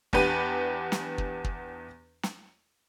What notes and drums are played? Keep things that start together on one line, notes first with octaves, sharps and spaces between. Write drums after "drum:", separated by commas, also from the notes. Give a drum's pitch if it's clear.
E2 B3 D4 G4 B4 D#7, drum: kick
drum: snare
drum: kick
drum: kick
drum: snare